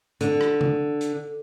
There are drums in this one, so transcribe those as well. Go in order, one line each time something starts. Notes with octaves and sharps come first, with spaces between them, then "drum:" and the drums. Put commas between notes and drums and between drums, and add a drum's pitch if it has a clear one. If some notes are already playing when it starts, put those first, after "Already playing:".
D3, drum: hi-hat
drum: rim click
drum: tom
drum: hi-hat